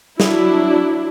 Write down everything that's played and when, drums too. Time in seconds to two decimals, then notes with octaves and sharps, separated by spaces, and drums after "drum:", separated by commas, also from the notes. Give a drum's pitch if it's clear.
0.20 F#3 D4 E4, drum: snare